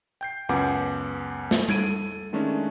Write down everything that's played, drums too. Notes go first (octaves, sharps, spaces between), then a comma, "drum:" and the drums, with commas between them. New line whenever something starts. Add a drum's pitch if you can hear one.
G5 G6 C7
C#2 F#2 B3 F#5 G#5 D6
drum: snare
A4 G#6 D7 D#7, drum: tom G3
D#3 G#3 A3 C#4 D4